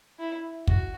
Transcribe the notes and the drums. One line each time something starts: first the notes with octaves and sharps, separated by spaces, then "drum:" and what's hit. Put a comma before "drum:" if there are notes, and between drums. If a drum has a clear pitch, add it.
E4
F#4, drum: kick